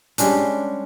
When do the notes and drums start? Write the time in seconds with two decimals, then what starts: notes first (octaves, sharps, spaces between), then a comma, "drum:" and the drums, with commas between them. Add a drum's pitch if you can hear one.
0.18 G3 G#3 C#4 D4, drum: hi-hat